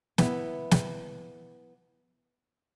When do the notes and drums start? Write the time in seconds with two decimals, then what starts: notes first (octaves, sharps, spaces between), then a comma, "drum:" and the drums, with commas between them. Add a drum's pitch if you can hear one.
0.18 B3 E4, drum: snare
0.71 drum: snare